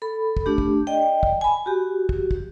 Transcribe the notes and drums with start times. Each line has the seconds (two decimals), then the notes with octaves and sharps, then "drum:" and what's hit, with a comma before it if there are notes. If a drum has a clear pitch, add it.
0.02 A4 B5
0.37 drum: kick
0.46 A3 D4 G4
0.58 drum: kick
0.87 D5 D#5 G5
1.23 drum: kick
1.41 G#5 B5
1.66 F#4 G4
2.09 drum: kick
2.31 drum: kick